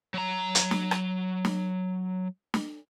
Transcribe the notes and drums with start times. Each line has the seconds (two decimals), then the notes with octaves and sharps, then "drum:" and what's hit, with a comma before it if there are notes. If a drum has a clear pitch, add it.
0.14 F#3 A#5
0.55 drum: hi-hat
0.71 drum: snare
0.91 drum: rim click
1.45 drum: snare
2.54 drum: snare